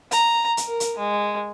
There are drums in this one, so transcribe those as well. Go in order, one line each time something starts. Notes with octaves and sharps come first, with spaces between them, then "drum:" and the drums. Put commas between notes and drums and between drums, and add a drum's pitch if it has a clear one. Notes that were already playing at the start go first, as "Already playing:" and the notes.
A#5, drum: hi-hat
drum: hi-hat
A#4
drum: hi-hat
G#3